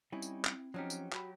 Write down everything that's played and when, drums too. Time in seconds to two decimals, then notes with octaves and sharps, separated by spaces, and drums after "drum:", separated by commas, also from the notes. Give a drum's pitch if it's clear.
0.12 G3 C4 C#4 D#4 E4
0.22 drum: tambourine
0.45 drum: clap
0.74 F3 F#3 C#4 D#4 G4
0.90 drum: tambourine
1.13 F#4 B5, drum: clap